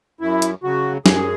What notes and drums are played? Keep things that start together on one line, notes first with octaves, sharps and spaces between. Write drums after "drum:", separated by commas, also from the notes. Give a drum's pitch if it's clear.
F#2 E4
drum: hi-hat
C#3 F#3 F#4
F#2 G#4, drum: snare